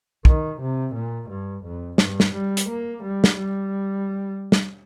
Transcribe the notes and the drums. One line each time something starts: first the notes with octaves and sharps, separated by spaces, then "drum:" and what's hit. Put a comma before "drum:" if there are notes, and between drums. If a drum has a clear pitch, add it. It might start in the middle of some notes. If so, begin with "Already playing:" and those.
D#3, drum: kick
C3
A#2
G2
F2
G2, drum: snare
drum: snare
G3
drum: hi-hat
A#3
G3
drum: snare
G3
drum: snare